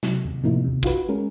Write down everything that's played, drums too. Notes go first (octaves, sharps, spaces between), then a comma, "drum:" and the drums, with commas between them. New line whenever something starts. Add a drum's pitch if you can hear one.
C3 F#3, drum: snare
D#2 C3
A2 C3 F3 A#3 D#4 E4
D#2 C3
D#4 F4 F#4 B4, drum: kick
G#3 C#4 A#4